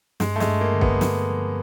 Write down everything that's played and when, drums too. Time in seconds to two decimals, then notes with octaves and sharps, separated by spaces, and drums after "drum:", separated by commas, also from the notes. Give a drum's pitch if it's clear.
0.20 G2 G#3, drum: snare
0.36 A3
0.40 G#3, drum: snare
0.48 G2
0.61 A#3
0.74 D3
0.81 B3, drum: kick
1.01 G2, drum: snare
1.28 F3